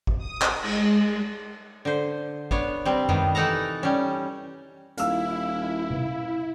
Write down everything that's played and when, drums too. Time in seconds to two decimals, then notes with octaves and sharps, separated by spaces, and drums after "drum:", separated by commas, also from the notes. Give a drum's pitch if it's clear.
0.07 drum: kick G#1
0.18 D#6
0.42 drum: clap
0.62 G#3, drum: cymbal
1.85 D3 C5
2.51 B3 D4 C#5, drum: kick G#1
2.85 C3 G3 C4
3.09 C3 D#3 B3, drum: tom F#2
3.35 E3 D#4 A4 F#5 A#5
3.83 G3 C#4
4.98 D#1 E4 F5 E6, drum: hi-hat
5.91 drum: tom C3